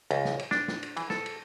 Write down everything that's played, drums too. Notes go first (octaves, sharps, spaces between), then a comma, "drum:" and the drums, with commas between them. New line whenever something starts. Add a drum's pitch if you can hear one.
C#2, drum: cymbal
drum: snare
drum: cymbal
D4, drum: snare
drum: snare
drum: cymbal
E3, drum: cymbal
A4, drum: snare
drum: cymbal